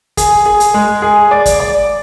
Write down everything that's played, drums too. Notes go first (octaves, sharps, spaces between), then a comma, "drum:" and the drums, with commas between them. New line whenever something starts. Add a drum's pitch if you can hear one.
G#4, drum: kick, hi-hat
G#4
drum: hi-hat
G#3
G#4
D5
drum: kick, hi-hat
D5